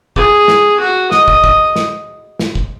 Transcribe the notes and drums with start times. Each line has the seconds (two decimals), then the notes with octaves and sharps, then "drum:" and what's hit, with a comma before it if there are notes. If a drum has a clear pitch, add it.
0.16 G#4, drum: kick
0.48 drum: snare
0.80 F#4
1.11 D#5, drum: snare
1.28 drum: kick
1.44 drum: kick
1.76 drum: snare
2.39 drum: snare
2.55 drum: kick